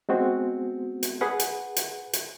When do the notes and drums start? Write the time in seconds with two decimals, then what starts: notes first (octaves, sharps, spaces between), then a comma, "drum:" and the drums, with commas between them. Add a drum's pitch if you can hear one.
0.09 G#3 B3 C4 F#4
1.03 drum: hi-hat
1.21 G#4 B4 F#5
1.40 drum: hi-hat
1.76 drum: hi-hat
2.13 drum: hi-hat